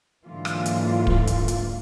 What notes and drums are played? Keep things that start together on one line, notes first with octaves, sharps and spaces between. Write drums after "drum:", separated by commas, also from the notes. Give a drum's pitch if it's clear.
G#2 D3 E3 F#3 A#3 F4
drum: rim click
drum: hi-hat
drum: kick
drum: hi-hat
drum: hi-hat